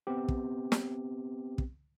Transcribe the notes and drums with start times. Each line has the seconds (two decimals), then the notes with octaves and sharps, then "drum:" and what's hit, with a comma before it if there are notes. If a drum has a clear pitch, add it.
0.07 B3 C4 G4
0.28 drum: kick
0.72 drum: snare
1.58 drum: kick